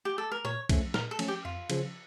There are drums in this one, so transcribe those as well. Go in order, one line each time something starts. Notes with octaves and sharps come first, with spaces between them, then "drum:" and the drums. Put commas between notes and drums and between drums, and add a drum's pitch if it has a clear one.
G4
A4
A#4
A#2 C#5
F3 A3 C#4, drum: kick C2, cymbal
A#2 A#4, drum: snare
A4
F3 A3 C#4, drum: cymbal
G4
F2 F4
C#3 F3, drum: cymbal